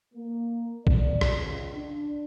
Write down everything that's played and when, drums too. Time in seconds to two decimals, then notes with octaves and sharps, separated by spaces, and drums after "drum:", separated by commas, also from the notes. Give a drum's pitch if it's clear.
0.14 A#3
0.87 D5, drum: kick A#1
1.21 drum: rim click
1.32 C#2
1.74 D4